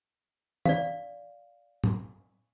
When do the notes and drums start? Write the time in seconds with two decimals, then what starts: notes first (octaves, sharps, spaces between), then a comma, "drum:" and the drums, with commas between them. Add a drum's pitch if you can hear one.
0.66 D5 F5, drum: tom
1.84 drum: tom